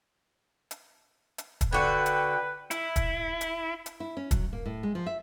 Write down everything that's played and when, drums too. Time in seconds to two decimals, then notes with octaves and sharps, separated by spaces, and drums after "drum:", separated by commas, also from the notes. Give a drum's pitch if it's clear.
0.71 drum: hi-hat
1.38 drum: hi-hat
1.61 drum: kick, hi-hat
1.73 D3 F#4 B4 G5
2.06 drum: hi-hat
2.71 E4, drum: hi-hat
2.96 drum: kick, hi-hat
3.41 drum: hi-hat
3.86 drum: hi-hat
4.00 E4
4.17 C#4
4.31 F#3, drum: kick, hi-hat
4.53 A#3
4.66 A2
4.83 G#3
4.95 F3
5.06 E5